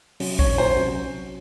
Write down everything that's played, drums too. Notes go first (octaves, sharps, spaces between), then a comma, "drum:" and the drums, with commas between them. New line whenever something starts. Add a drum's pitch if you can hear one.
C3 F#3 C#4 F#4, drum: open hi-hat
C#5, drum: kick A#1
C5
C3 F#3 C#4 F#4